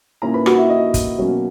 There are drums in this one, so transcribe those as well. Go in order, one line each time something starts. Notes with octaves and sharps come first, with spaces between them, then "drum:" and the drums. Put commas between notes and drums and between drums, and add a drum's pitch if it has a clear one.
A#2 A#3 C#4 E4 A#5
B4 B5
F#4 F#5, drum: rim click
E4 E5
D#5
drum: kick G1, hi-hat
B2 F#3 A#3 C#4